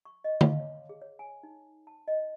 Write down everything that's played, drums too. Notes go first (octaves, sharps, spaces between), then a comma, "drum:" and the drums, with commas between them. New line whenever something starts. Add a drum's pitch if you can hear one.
C#6
D#5
F5, drum: tom D3
C#5
G#4
C#5
G#5
D#4
A5
D#5